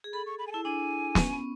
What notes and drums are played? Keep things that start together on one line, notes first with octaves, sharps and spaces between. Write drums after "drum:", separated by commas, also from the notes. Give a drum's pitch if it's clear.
G#4
A4 B5
C#6
B5
G#5
E4 A5
D4 G#5
C#4, drum: snare
B3